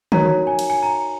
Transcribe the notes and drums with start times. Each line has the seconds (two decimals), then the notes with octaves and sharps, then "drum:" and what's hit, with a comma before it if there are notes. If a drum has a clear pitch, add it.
0.12 D#4 F#4 A#4 C#5 A#5, drum: tom
0.47 G#5
0.59 drum: cymbal
0.70 G#5
0.83 A#5